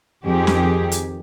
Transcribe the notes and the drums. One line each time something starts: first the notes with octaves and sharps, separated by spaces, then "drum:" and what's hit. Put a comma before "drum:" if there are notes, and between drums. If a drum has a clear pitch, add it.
F2 D#3 G4 G#4
drum: snare
drum: hi-hat